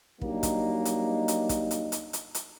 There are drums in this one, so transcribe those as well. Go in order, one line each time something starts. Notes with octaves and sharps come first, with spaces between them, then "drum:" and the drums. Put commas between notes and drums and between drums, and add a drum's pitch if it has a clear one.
F#3 G3 A#3 D4 D#4, drum: kick
drum: kick, hi-hat
drum: hi-hat
drum: hi-hat
drum: kick, hi-hat
drum: hi-hat
drum: hi-hat
drum: hi-hat
drum: hi-hat